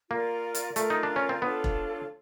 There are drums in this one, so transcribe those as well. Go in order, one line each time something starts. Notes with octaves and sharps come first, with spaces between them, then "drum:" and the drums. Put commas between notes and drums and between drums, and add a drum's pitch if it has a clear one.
A#3 F4 A#4 D5
drum: hi-hat
A3 F4 A#4 D5, drum: hi-hat
D#4
D4
C#4
C4
B3 D4 F4 A4 C#5
drum: kick E1